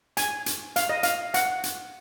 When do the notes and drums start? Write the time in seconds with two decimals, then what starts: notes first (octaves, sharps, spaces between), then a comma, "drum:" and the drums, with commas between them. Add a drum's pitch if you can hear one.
0.17 G#5, drum: hi-hat
0.46 drum: hi-hat
0.76 F5, drum: hi-hat
0.89 D#5
1.03 F5, drum: hi-hat
1.34 F#5, drum: hi-hat
1.63 drum: hi-hat